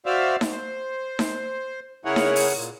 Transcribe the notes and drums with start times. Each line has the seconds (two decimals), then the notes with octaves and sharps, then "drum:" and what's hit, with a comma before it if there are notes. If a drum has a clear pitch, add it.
0.06 F#4 C5 D5 E5 F5
0.41 drum: snare D#4
0.50 C5
1.19 drum: snare D#4
2.05 C#3 E4 G#4 A#4 C#5 F#5
2.16 drum: snare D#4
2.36 drum: open hi-hat
2.55 A#2